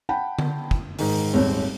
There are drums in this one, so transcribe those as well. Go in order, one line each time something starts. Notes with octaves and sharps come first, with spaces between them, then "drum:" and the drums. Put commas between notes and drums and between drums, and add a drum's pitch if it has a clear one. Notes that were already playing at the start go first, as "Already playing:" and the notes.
F#5 G5 A5 B5
drum: tom D3
drum: kick
G#2 D#3, drum: open hi-hat
D#1 G#1 C4 C#5